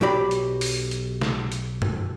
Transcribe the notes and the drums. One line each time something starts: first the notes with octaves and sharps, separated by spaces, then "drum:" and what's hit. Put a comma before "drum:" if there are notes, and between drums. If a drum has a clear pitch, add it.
B1 F#3 G4 D5 B5
drum: hi-hat
drum: open hi-hat
drum: hi-hat
drum: snare
drum: hi-hat
drum: tom F#2